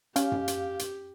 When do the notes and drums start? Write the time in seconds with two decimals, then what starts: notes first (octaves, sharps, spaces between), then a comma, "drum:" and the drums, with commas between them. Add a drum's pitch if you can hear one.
0.16 C#4 G4 F5, drum: hi-hat
0.32 drum: tom F#2
0.48 drum: hi-hat
0.79 drum: hi-hat